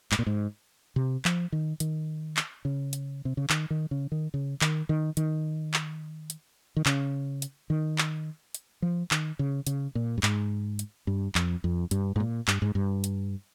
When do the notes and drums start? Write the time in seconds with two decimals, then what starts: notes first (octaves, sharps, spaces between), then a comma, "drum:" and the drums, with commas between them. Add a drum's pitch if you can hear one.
0.12 G#2, drum: clap
0.19 A#2
0.26 G#2
0.96 C3
1.25 F3, drum: clap
1.52 D#3
1.80 D#3, drum: hi-hat
2.37 drum: clap
2.65 C#3
2.93 drum: hi-hat
3.25 C3
3.37 C#3
3.50 D#3, drum: clap
3.70 D#3
3.91 C#3
4.12 D#3
4.34 C#3
4.61 D#3, drum: clap
4.89 D#3
5.17 D#3, drum: hi-hat
5.74 drum: clap
6.30 drum: hi-hat
6.77 D#3
6.86 C#3, drum: clap
7.42 drum: hi-hat
7.70 D#3
7.98 drum: clap
8.54 drum: hi-hat
8.82 F3
9.11 D#3, drum: clap
9.39 C#3
9.67 C#3, drum: hi-hat
9.95 A#2
10.18 G2
10.23 G#2, drum: clap
10.79 drum: hi-hat
11.07 G2
11.35 F2, drum: clap
11.64 F2
11.91 G2, drum: hi-hat
12.16 G#2
12.20 A#2
12.48 G2, drum: clap
12.62 G#2
12.75 G2
13.04 drum: hi-hat